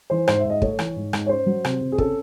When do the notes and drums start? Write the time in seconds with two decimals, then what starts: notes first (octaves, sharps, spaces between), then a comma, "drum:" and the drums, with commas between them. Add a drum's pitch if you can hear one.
0.10 E3 C5
0.28 G#2 C5, drum: rim click
0.39 E5
0.45 G#2 D#5
0.62 A3 C#5, drum: kick
0.79 E3, drum: rim click
0.96 G#2
1.13 G#2, drum: rim click
1.26 C#5
1.29 C#4 C5
1.46 F#3
1.65 C3, drum: rim click
1.81 C3
1.92 G#4
1.98 C#4 A4, drum: kick